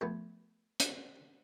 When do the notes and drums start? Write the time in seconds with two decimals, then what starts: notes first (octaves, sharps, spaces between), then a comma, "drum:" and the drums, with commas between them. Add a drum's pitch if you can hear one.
0.01 F2 A3 B3
0.80 drum: hi-hat